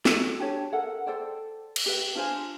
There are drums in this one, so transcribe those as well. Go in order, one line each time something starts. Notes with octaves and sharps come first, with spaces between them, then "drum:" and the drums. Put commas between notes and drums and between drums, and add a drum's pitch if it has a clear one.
F#4 A4 D#5, drum: snare
D4 G4 C#5 A5
A4 A#4 F#5
A4 C5 D5 G5
drum: cymbal
G4 B4 G5
D4 F4 C5 G#5